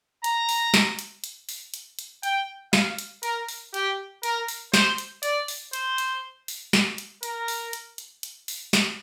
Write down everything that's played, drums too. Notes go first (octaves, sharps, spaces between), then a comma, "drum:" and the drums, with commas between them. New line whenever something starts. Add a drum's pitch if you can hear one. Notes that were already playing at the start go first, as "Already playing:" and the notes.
A#5, drum: hi-hat
drum: open hi-hat
drum: snare
drum: hi-hat
drum: hi-hat
drum: open hi-hat
drum: hi-hat
drum: hi-hat
G5, drum: hi-hat
F5, drum: snare
drum: hi-hat
A#4, drum: hi-hat
drum: open hi-hat
G4, drum: hi-hat
A#4, drum: hi-hat
drum: open hi-hat
C5, drum: snare
drum: hi-hat
D5, drum: hi-hat
drum: open hi-hat
C5, drum: hi-hat
drum: hi-hat
drum: open hi-hat
drum: snare
drum: hi-hat
A#4, drum: hi-hat
drum: open hi-hat
drum: hi-hat
drum: hi-hat
drum: hi-hat
drum: open hi-hat
drum: snare